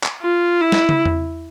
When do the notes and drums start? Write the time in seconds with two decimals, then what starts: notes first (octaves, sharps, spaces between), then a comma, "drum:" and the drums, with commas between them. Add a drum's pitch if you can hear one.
0.04 drum: clap
0.22 F4
0.61 E4
0.72 drum: snare
0.89 drum: tom
1.05 drum: tom E2